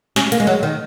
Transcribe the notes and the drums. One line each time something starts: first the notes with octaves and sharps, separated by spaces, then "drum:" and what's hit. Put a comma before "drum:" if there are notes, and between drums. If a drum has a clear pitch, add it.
C#4, drum: snare
A#3, drum: hi-hat
G#3
F#3
D#3